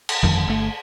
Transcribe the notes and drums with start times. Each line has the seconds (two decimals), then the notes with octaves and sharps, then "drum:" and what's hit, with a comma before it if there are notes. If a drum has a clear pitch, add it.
0.09 drum: cymbal
0.23 G1 F2 D#3
0.47 G1 A3